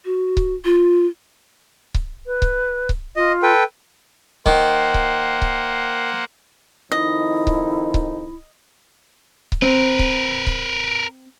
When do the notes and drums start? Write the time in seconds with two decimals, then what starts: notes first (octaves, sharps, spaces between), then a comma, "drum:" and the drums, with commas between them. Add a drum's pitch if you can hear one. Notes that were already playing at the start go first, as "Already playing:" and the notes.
0.05 F#4
0.37 drum: kick C#1
0.65 F4
1.94 drum: kick C#1
2.26 B4
2.42 drum: kick C#1
2.89 drum: kick C#1
3.16 F4 D#5
3.43 A4 B4 G5
4.46 D#3 A#3 C5 F#5, drum: kick C#1
4.94 drum: kick C#1
5.42 drum: kick C#1
6.92 F2 D#3 D#4 E4 D#5
7.47 drum: kick C#1
7.94 drum: kick C#1
9.52 drum: kick C#1
9.62 C4 A#4 B4
9.99 drum: kick C#1
10.47 drum: kick C#1